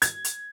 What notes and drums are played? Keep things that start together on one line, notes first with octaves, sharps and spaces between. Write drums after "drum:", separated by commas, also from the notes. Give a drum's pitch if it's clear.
G#6, drum: hi-hat
drum: hi-hat